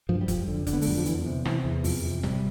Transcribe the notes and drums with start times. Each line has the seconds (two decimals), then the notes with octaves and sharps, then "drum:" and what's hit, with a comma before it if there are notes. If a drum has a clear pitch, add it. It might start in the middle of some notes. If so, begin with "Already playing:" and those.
0.09 G2 F3
0.21 G3
0.28 F2 F3, drum: kick F1, hi-hat
0.48 D3
0.67 D3, drum: kick F1, hi-hat
0.73 B3
0.82 A3, drum: open hi-hat
0.87 F2 G3
0.98 F3
1.06 E2 E3, drum: hi-hat
1.26 C3
1.45 C3 E3, drum: rim click
1.65 E2
1.84 F2 F3, drum: open hi-hat
2.04 C3
2.23 C3 G3, drum: tom G1